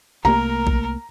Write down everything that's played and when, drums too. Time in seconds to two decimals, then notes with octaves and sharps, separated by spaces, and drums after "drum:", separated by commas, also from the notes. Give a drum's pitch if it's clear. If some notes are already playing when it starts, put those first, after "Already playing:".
0.25 C2 A3 A#3 A#4 A#5
0.67 drum: kick A#1